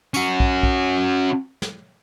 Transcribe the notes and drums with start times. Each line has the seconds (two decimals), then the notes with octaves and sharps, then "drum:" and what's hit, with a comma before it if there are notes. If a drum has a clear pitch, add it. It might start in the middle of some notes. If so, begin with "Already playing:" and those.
0.14 C#4 F#4, drum: tambourine
0.40 drum: kick A#1
0.63 drum: kick A#1
1.62 drum: snare